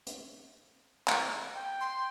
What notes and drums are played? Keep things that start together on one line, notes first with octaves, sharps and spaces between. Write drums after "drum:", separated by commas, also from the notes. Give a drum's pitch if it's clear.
drum: hi-hat
drum: clap
G5
C6